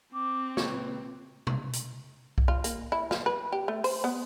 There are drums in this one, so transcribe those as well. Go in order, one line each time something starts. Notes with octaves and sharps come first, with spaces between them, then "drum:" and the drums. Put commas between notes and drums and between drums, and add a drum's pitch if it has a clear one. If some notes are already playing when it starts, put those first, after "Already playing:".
C4 D6
C#2 A#2 B4 C#5, drum: snare
drum: tom B2
drum: hi-hat
drum: kick C2
F4
A#3, drum: hi-hat
E4
F4, drum: snare
B4
G4
A3
C5, drum: open hi-hat
B3